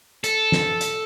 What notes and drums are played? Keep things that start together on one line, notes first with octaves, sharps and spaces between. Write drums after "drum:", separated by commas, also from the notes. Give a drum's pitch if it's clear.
A4, drum: hi-hat
drum: snare
drum: hi-hat